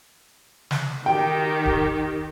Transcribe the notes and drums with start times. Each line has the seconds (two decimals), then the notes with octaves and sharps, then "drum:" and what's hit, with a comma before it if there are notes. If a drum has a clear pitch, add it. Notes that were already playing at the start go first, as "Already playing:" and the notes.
0.71 drum: snare
1.06 D#3 G4 G5
1.66 drum: kick